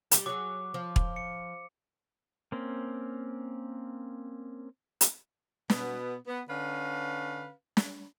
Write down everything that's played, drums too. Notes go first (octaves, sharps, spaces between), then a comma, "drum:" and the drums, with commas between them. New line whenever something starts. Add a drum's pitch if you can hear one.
G3 G4, drum: hi-hat
F#3 G#4 D6
F3
drum: kick
C#7
A#3 C4 C#4
drum: hi-hat
B2 B3, drum: snare
B3
D3 C#4 B4 F5
drum: snare